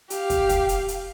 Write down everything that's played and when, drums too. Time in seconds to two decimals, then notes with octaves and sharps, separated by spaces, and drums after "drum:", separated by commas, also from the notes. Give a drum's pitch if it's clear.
0.10 G4 F5, drum: hi-hat
0.30 drum: kick, hi-hat
0.49 drum: kick, hi-hat
0.69 drum: hi-hat
0.88 drum: hi-hat